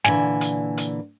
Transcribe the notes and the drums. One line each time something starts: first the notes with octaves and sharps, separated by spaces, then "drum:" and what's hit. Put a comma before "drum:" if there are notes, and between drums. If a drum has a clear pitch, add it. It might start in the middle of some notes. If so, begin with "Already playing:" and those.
A#2 D3 E3 G#5, drum: snare
drum: hi-hat
drum: hi-hat